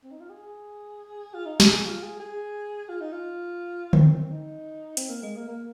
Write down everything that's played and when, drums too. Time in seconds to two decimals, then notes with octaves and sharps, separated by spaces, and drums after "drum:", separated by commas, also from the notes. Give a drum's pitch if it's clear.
0.04 C4
0.11 D#4
0.20 F4
0.29 G#4
1.34 F4
1.46 D#4
1.60 G#4, drum: snare
1.73 G#4
1.85 F4
2.03 G#4
2.20 G#4
2.89 F4
3.01 D#4
3.12 F4
3.93 C4, drum: tom D3
4.06 C4
4.19 C4
4.32 D#4
4.97 C4, drum: hi-hat
5.09 A#3
5.22 G#3
5.36 A#3
5.48 A#3